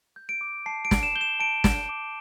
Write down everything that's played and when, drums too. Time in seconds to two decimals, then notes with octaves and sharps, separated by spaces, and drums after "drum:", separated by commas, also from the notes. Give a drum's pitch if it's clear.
0.16 G6
0.29 D7
0.41 D6
0.66 A5 C7
0.85 D7
0.91 A5, drum: snare
1.03 E7
1.15 G6 G7
1.21 E7
1.40 A5 D7
1.64 G6, drum: snare
1.89 D6